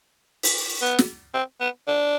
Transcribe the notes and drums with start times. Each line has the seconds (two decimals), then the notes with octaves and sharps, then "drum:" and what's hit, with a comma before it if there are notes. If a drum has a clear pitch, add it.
0.43 drum: open hi-hat
0.81 B3
0.99 drum: snare
1.34 C4
1.60 B3
1.87 D4